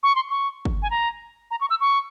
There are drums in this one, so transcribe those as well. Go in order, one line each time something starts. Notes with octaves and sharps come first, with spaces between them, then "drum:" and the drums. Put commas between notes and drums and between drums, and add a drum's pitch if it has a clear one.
C#6
C6
C#6
drum: kick G1
G#5
A#5
A#5
C#6
E6
C#6